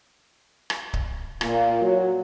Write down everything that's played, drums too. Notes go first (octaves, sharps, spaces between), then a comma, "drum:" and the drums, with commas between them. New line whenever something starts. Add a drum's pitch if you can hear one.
drum: rim click
drum: kick C#1
A#2, drum: rim click
F#3